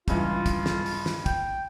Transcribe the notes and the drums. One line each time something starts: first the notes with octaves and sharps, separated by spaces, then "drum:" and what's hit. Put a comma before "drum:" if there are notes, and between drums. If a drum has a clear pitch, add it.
C#2 G2 E3 F4, drum: kick, hi-hat
drum: kick, hi-hat
drum: snare
drum: open hi-hat
drum: snare
G5, drum: kick, hi-hat